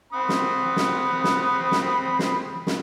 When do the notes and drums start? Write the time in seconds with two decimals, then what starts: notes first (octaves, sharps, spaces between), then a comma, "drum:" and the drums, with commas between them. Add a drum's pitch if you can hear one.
0.13 C4 B5 D#6
0.29 drum: snare
0.76 drum: snare
1.24 drum: snare
1.72 drum: snare
2.19 drum: snare
2.67 drum: snare